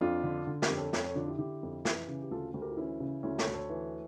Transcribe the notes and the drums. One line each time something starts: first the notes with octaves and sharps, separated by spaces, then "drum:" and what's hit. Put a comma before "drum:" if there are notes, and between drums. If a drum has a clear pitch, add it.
F2 D4 F4
D3
D3
G4 A#4, drum: snare
F2
A4 C#5
F2 A4 C#5, drum: snare
A4 C#5
D3 D4 F4
E4 G4
D3 E4 G4
F2
E3, drum: snare
C#3
G4
D2 F4 A4
D2
G4 A#4
F4
E3 C#4 E4
C#3
D2 C#4 E4
A4 C#5, drum: snare
D2
A4 C#5
E3